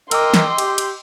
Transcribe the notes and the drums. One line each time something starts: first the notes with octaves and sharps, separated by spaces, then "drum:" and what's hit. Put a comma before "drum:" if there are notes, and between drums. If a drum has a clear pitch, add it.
A#4 D#5 G5 C6 D6 E6, drum: cymbal
drum: snare
G4, drum: cymbal
drum: cymbal